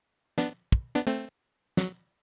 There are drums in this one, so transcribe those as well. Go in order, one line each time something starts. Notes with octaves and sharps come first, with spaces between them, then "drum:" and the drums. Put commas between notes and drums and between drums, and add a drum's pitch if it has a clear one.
B3 D4, drum: snare
drum: kick
B3 D4
A3 C4
F#3, drum: snare